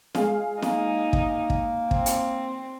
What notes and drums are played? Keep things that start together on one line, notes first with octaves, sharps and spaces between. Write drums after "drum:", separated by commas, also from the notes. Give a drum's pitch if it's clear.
G#3 G#4 F5, drum: snare
A#3 D#4, drum: snare
drum: kick
drum: kick
C4, drum: kick
drum: hi-hat